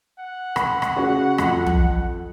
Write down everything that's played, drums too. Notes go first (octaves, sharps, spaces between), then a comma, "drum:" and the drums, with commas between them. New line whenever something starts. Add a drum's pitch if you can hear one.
F#5
B5, drum: rim click
drum: rim click
C#3 C#4 F#4
F2, drum: rim click
drum: tom